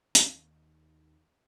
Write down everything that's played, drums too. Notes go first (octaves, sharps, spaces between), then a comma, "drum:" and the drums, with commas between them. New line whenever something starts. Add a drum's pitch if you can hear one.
D#2 D#3, drum: hi-hat